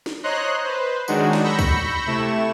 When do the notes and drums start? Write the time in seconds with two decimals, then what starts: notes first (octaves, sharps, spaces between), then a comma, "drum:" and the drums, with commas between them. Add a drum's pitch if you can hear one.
0.06 drum: snare
0.24 C5 C#5 D#5 A#5 C6 F#6
0.64 B4 C5
1.08 D#3 F#3 G#3 D4 D#4 F#4, drum: tambourine
1.33 drum: snare
1.44 B5 C#6 E6 G6 A#6 C#7
1.59 drum: kick C#2, tambourine
2.07 C3 A3 E4 C#6 E7